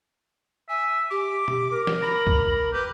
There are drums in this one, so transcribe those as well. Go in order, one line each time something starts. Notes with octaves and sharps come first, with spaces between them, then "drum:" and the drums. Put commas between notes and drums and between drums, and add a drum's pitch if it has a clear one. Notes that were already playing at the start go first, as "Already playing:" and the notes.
E5 G#5
G4 D6
drum: tom B2
A#4
drum: snare
A#5 B5
drum: kick C2
G4 B4